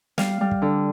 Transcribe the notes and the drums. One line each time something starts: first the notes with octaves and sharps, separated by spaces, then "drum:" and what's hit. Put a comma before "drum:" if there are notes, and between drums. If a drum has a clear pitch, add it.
G3 F5, drum: snare
G3
drum: kick
D3